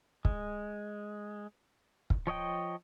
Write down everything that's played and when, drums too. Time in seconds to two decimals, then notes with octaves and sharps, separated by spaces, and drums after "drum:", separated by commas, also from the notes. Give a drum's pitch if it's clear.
0.25 G#3, drum: kick
2.10 drum: kick
2.27 F3 C#5 D#5 G5